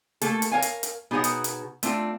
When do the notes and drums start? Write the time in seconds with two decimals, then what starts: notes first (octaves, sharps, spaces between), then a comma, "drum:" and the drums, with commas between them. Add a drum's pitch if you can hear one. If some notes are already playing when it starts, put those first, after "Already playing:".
0.21 A3 A#3 A4, drum: hi-hat
0.42 drum: hi-hat
0.52 A#4 C#5 F5 G#5
0.62 drum: hi-hat
0.83 drum: hi-hat
1.11 B2 D#4 G#4 C#5 F#5
1.24 drum: hi-hat
1.44 drum: hi-hat
1.83 A3 C4 D4 F4, drum: hi-hat